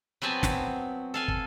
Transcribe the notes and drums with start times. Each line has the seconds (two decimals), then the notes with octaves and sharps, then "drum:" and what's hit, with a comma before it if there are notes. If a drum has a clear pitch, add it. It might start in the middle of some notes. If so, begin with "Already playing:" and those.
0.22 F#3 B3 C4 G#5 A5
0.43 drum: snare
1.14 A4 F5 G#5
1.28 drum: kick